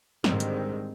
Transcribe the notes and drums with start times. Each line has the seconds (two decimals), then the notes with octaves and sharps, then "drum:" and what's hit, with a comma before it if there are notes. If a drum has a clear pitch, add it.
0.24 G#2 D3 D#3 G3 G#3 C4, drum: snare
0.40 drum: hi-hat